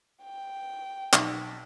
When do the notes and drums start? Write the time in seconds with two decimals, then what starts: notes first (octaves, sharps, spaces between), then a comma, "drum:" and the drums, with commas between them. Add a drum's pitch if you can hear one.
0.22 G5
1.13 B1, drum: clap